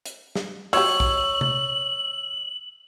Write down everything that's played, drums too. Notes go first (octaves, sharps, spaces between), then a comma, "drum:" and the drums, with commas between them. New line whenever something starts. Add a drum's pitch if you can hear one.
drum: hi-hat
drum: snare
F#3 F4 G4 C#5 E6 F#7, drum: open hi-hat
drum: kick
drum: tom C3